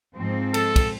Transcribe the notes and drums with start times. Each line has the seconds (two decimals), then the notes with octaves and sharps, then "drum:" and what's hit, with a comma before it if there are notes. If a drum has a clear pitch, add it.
0.16 G#2 F3 C4
0.54 A4, drum: cymbal
0.76 drum: kick, cymbal